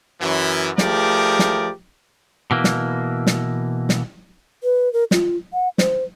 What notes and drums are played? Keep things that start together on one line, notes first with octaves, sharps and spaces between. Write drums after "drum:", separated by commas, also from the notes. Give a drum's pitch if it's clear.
F#2 E3
F3 A3 G4 G#4 A#4 D5, drum: snare
drum: snare
B2 E3 A#3
drum: snare
drum: snare
drum: snare
B4
A#4
F4, drum: snare
F#5
C5, drum: snare